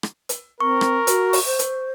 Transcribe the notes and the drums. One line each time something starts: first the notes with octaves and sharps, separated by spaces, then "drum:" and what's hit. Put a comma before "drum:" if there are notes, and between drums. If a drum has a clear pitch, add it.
drum: rim click
drum: hi-hat
C4 A#4 C#6
drum: rim click
F#4, drum: hi-hat
drum: open hi-hat
C5
drum: hi-hat